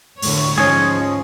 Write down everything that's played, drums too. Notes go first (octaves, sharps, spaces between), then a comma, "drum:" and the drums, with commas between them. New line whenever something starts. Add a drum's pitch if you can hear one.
D2 A2 C#5, drum: open hi-hat
G#2 F3 C#4 G#4 C#5 D#5